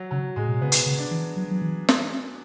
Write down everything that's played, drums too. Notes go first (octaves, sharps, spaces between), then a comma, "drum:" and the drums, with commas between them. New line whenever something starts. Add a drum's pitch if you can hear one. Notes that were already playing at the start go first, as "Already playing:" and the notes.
Already playing: F#3
C#3 F#3
A2 G#3
B2
C#3 B3
drum: hi-hat
C#3
D4
E3
F#3
F#3
E3
drum: snare